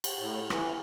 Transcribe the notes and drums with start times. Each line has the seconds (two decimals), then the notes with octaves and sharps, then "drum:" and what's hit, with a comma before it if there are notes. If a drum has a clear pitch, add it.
0.04 drum: cymbal
0.19 A2
0.50 E3, drum: rim click